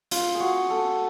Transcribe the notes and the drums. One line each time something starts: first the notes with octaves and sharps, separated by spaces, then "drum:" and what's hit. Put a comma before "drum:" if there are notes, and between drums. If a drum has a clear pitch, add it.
F4, drum: hi-hat
G#4
F#4
A4